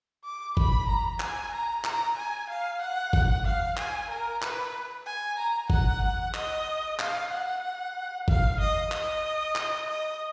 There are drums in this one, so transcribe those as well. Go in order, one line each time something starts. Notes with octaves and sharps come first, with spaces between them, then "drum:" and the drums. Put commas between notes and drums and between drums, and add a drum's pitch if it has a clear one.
D6
B5, drum: kick G1
A#5
G#5, drum: clap
A#5
A#5, drum: clap
G#5
F5
F#5
drum: kick G1
F5
G#5, drum: clap
A#4
B4, drum: clap
G#5
A#5
F#5, drum: kick G1
D#5, drum: clap
F5, drum: clap
F#5
F5, drum: kick G1
D#5
D#5, drum: clap
drum: clap
D#5